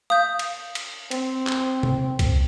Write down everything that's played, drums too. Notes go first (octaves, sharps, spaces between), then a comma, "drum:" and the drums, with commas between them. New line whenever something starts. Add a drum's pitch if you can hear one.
F5 D#6 G6
drum: cymbal
drum: cymbal
C4, drum: cymbal
drum: clap
drum: tom
drum: kick C2, cymbal